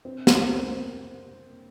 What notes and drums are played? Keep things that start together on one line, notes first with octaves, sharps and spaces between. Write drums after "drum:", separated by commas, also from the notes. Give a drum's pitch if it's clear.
C4
A#3, drum: snare
C4